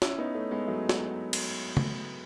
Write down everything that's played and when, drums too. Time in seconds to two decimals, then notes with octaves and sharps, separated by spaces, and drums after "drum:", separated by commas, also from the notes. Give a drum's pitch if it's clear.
0.02 C#4 E4, drum: snare
0.18 B3 D#4
0.35 A3 C#4
0.51 G#3 B3
0.67 F#3 A3
0.89 drum: snare
1.33 drum: cymbal
1.77 drum: tom C#3